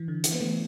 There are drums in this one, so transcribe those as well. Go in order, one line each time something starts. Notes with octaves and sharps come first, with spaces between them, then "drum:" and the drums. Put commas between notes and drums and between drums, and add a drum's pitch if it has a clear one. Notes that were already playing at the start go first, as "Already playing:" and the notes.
Already playing: E3
D3
E3, drum: hi-hat
B3
E3 A3